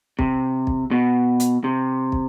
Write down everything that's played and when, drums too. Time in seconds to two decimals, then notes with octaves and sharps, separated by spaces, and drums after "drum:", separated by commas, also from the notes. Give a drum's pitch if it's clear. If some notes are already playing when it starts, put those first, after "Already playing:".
0.19 C3, drum: kick
0.67 drum: kick
0.91 B2
1.40 drum: hi-hat
1.64 C3
2.12 drum: kick